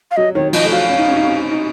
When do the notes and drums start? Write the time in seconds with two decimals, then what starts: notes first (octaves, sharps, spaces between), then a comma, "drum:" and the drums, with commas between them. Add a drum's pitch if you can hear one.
0.11 F5
0.16 F#3 D#5
0.35 D#3 C#5
0.53 F3 D#5, drum: cymbal
0.64 A3
0.71 F#3 F5
0.89 C#4
0.98 D#4
1.08 C#4
1.17 D#4
1.25 C#4
1.52 D#4